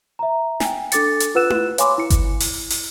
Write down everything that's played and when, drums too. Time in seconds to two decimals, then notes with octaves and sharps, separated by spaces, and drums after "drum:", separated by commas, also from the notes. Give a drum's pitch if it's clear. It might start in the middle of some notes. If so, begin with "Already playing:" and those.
0.19 E5 A#5
0.60 G5 G#5, drum: snare
0.92 D4 A4 D6 A6 C#7, drum: hi-hat
1.20 drum: hi-hat
1.35 F4 B4 F#5 E6 F#6 E7
1.50 drum: tom E4
1.78 C#5 F5 G#5 B5 C6 D6, drum: hi-hat
1.98 E4 C#7
2.10 drum: kick G1, hi-hat
2.40 drum: open hi-hat
2.70 drum: open hi-hat